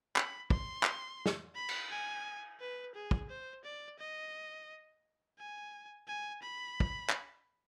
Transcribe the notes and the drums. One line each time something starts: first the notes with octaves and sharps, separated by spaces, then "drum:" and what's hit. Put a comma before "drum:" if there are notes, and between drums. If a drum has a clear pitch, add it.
B5, drum: clap
C6, drum: kick
drum: clap
drum: snare
B5
drum: cymbal
G#5
B4
G#4
drum: kick
C5
D5
D#5
G#5
G#5
B5
drum: kick
drum: clap